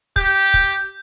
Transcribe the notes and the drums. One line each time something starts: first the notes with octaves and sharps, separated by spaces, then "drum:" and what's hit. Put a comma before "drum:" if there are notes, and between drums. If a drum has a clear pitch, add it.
G4 G6, drum: kick
drum: kick